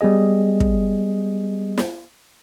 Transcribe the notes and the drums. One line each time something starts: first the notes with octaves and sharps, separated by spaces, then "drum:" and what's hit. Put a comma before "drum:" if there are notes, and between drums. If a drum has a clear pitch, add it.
G3 B3 G#4 D#5
drum: kick
drum: snare